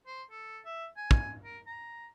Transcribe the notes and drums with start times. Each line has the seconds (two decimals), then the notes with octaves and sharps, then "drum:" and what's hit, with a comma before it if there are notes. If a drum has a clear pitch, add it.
0.06 C5
0.31 A4
0.65 E5
0.97 G#5
1.11 drum: kick
1.43 A#4
1.67 A#5